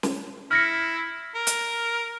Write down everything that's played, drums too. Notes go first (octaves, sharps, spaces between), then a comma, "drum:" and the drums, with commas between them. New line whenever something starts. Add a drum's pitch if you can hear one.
drum: snare
E4 F6 A#6 C#7
A#4
drum: hi-hat